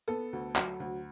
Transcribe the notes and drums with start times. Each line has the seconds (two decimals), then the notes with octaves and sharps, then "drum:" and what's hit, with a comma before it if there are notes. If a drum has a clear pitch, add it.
0.08 B3 A4
0.33 D2
0.56 F#3, drum: clap
0.80 D2